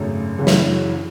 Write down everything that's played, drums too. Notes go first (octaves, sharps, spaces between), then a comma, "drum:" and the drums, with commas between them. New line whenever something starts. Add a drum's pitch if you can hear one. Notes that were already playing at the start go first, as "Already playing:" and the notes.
Already playing: G#1 F#2 C#3 A3
F#1 F#2 C#3 E3 G#3
A3, drum: snare
G#3
F#3